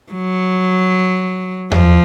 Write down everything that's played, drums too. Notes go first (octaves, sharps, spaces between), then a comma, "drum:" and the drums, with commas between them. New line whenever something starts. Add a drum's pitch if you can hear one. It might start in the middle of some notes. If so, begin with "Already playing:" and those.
F#3
F3, drum: tom E2